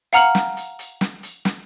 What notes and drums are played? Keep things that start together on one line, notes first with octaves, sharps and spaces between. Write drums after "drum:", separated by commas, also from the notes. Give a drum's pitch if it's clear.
F5 F#5 A#5 F6 C#7 F#7, drum: hi-hat
drum: snare
drum: hi-hat
drum: hi-hat
drum: snare
drum: hi-hat
drum: snare